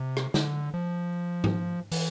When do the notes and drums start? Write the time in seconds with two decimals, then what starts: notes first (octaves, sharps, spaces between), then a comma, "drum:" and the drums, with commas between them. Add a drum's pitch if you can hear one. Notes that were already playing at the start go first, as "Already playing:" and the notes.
Already playing: C3
0.17 drum: rim click
0.34 D3, drum: snare
0.74 F3
1.44 drum: tom G#2
1.92 E3, drum: open hi-hat